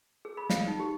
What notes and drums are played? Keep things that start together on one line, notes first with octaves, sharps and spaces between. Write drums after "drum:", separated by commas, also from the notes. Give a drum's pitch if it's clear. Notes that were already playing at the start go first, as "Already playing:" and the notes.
G#4
B5
F5, drum: snare
D#4
G4